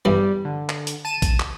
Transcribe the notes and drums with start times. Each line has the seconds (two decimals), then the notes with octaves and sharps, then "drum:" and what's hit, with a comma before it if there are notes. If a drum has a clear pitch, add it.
0.05 E2 G2 E3 G3
0.45 D3
0.69 drum: clap
0.87 drum: hi-hat
1.05 A5 D#7 E7
1.22 drum: kick A#1, hi-hat
1.40 drum: clap